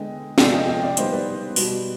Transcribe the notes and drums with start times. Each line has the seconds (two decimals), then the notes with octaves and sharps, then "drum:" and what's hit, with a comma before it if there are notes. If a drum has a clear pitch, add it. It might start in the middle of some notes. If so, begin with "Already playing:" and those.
Already playing: D3 G#3 B3 D#5 G5
0.38 C3 F3 G#3 B3 D5 F5, drum: snare
0.53 D#5 G5
0.68 D#5 G5
0.83 D5 F5
0.97 D#3 G3 B3 C5 D#5, drum: hi-hat
1.12 B4 D5
1.56 B2 G3 B3, drum: open hi-hat